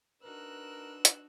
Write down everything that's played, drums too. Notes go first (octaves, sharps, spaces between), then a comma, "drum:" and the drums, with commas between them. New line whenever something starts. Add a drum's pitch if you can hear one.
D4 D#4 F#4 A#4 B4 E6 F#6
drum: hi-hat